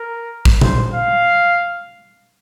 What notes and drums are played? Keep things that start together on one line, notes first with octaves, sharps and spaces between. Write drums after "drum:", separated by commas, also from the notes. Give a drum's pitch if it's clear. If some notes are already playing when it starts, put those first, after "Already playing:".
Already playing: A#4
drum: kick
C5, drum: tom A#2
F5